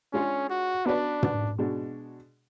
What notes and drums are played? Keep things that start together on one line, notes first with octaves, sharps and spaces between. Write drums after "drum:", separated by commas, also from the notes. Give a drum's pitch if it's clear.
G#3 C#4 D4 F4 G#4 C#5
F#4
B3 D4 F#4 B4 D5
drum: tom
B2 G#3 D4 F#4